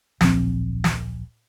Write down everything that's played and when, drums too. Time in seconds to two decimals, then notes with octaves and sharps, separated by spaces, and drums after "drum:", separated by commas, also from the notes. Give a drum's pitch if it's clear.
0.21 D1 A#1 F3 C4, drum: snare
0.84 drum: snare